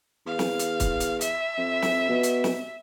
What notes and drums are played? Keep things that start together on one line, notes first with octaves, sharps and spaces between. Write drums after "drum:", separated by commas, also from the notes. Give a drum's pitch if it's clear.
E2 F5
drum: snare
drum: hi-hat
drum: kick, hi-hat
drum: hi-hat
E5, drum: hi-hat
F2
drum: snare
B2
drum: hi-hat
drum: snare